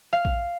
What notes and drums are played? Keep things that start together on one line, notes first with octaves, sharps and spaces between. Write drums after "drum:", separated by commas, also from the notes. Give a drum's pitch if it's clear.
F5
drum: kick A#1